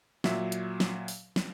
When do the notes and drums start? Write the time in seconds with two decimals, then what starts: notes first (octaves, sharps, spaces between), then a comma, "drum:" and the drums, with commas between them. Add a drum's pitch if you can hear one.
0.24 A#2 F#3 E5, drum: snare
0.52 drum: hi-hat
0.80 drum: snare
1.08 drum: open hi-hat
1.36 drum: snare